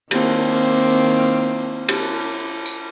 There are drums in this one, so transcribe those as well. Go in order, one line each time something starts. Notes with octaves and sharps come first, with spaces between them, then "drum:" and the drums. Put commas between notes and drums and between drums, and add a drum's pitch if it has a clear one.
D#3 A#3 C4, drum: cymbal
drum: cymbal
drum: tambourine